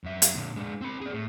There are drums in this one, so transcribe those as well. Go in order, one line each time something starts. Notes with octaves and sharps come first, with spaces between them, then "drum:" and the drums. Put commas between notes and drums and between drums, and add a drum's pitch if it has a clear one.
F#2 E5
drum: hi-hat
A#2 D3
G#3 D4
C4 B5
G#4 D5
A2